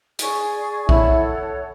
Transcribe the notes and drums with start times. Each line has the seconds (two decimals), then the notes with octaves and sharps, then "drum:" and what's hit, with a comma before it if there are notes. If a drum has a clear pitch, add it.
0.19 G#4 D5 G#5 C#6, drum: hi-hat
0.89 E4 A4 C#5 F#5, drum: kick B1